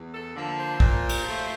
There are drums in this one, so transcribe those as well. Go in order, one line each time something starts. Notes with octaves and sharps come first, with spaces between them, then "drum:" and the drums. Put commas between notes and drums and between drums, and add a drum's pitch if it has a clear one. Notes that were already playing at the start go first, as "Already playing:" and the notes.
Already playing: E2
A4
D3 F3 A#3
C5
A#2, drum: kick
drum: cymbal
F3 A3